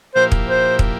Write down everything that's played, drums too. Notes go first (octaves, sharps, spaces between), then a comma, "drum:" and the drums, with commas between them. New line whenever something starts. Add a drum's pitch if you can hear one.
A#2 F3 A#3 E4 G4 C5
drum: kick
C5
drum: kick